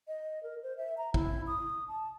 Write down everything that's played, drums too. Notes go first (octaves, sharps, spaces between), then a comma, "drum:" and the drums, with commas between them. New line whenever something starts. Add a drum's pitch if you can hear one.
D#5
A#4
C5
E5
A#5
E4, drum: kick
D#6
A5